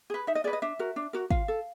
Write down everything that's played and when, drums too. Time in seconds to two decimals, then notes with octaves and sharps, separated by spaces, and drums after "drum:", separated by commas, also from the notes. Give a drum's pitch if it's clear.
0.10 G#4 B4
0.27 D#4 E5
0.35 D#5
0.44 G#4 B4 D5
0.53 D#5
0.62 D4 E5
0.79 F#4 A#4
0.96 D4
1.13 F#4 A#4
1.31 F4 F5, drum: kick
1.48 A4